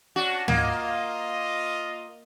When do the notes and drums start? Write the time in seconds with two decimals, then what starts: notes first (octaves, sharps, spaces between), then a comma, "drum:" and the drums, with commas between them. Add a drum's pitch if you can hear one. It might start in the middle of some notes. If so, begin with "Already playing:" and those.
0.16 C#4 D4 F#4
0.48 A#3 F4 D#5, drum: tom